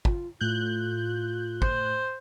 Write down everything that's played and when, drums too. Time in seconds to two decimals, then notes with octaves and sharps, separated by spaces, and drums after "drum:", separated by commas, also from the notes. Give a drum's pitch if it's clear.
0.05 F4, drum: kick
0.41 A2 F4 F#6 G6
1.62 C5, drum: kick